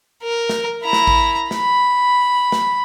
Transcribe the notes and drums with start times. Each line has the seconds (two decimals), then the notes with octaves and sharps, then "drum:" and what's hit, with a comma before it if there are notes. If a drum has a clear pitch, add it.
0.23 A#4
0.49 drum: snare
0.84 E4 A#5
0.93 drum: snare
1.07 drum: kick A1
1.51 B5, drum: snare
2.52 drum: snare